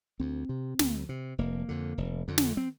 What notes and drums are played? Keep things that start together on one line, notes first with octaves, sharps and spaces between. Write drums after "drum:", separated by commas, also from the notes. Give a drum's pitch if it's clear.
D2 C4
C3
D2, drum: snare
C3
F1 A#3
F2 D3
F1
F2 D3
drum: snare
C4